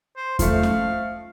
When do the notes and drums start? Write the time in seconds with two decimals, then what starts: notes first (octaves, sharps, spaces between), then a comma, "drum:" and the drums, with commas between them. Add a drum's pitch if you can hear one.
0.17 C5
0.39 F3 A3 F5, drum: kick E2, hi-hat
0.63 drum: snare C#4